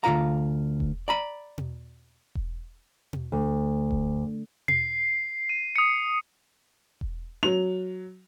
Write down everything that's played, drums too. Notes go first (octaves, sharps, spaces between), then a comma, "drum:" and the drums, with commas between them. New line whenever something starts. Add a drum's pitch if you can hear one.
D2 A#2 F4 F5 A#5
drum: kick E1
D5 A#5 B5
drum: tom
drum: kick E1
drum: tom
D2
drum: kick E1
C7, drum: tom
D#7
D#6 C#7
drum: kick E1
F#3 F7